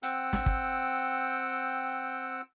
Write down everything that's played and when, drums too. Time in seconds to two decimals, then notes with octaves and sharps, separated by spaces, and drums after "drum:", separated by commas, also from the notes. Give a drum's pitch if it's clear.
0.03 C4 F#5 G5 E6, drum: hi-hat
0.33 drum: snare
0.46 drum: kick